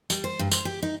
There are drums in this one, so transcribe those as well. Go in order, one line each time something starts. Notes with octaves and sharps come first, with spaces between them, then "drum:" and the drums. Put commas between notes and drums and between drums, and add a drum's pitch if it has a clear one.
G3, drum: tambourine
C5
G2
C5, drum: tambourine
G4
D#4